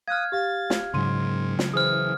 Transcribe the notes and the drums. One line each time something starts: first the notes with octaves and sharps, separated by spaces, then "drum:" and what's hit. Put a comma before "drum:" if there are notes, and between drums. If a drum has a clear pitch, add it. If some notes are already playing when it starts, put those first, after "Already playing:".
F5 D#6 F6 F#6 G#6
G4 F5 A6
drum: snare
G#2 C#3 F#3 C6 D#7
drum: snare
E3 G#4 C5 D#6 F6